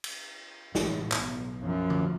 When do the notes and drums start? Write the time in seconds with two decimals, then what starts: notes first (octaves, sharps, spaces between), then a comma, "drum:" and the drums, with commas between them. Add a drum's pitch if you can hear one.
0.04 drum: cymbal
0.75 A1 A2, drum: snare
1.12 B1, drum: clap
1.61 F#2 F3
1.90 drum: tom D3